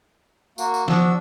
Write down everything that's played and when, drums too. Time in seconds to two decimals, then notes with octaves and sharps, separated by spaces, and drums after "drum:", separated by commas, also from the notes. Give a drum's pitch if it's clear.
0.58 A#3 F#4, drum: tambourine
0.74 drum: tambourine
0.88 F3 D4 F#4 E6, drum: snare